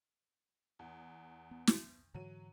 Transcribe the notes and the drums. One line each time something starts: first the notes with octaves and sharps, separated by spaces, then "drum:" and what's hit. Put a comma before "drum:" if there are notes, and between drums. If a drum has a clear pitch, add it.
E2
B3
drum: snare
G#2 D3 E3 F#3 D#7